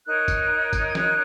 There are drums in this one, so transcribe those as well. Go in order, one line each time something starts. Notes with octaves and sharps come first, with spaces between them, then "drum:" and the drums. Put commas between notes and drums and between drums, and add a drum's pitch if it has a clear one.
D#4 A#4 C#5 F#6
drum: kick, tambourine
drum: kick, tambourine
G#6
F#6, drum: snare